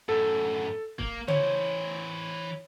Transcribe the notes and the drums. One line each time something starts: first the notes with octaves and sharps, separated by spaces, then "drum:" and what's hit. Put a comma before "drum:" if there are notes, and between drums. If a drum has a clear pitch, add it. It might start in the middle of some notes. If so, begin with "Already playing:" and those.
F#2 A2 A4
A#3, drum: kick
E3 C5 C#5, drum: tom C#3